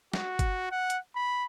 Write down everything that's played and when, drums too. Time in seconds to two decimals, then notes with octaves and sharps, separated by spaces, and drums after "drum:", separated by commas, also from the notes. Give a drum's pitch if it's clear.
0.14 F#4, drum: snare
0.39 drum: kick G1, hi-hat
0.71 F#5
0.90 drum: hi-hat
1.15 B5